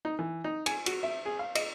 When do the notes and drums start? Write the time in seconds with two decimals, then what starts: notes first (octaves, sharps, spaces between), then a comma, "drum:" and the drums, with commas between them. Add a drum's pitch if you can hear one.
0.05 D#4
0.19 E3
0.44 D#4
0.66 G#5, drum: cymbal
0.86 F#4, drum: cymbal
1.03 E5
1.25 G#4
1.39 F5
1.55 D#5, drum: cymbal